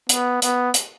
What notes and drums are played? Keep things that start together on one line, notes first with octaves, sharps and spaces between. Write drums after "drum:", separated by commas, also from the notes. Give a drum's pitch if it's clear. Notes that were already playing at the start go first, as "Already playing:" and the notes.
B3, drum: hi-hat
B3, drum: hi-hat
drum: hi-hat